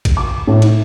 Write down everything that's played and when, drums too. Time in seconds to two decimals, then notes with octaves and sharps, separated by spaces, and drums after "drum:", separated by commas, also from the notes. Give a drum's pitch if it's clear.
0.05 drum: kick, cymbal
0.17 D6
0.47 A2
0.62 D#4, drum: cymbal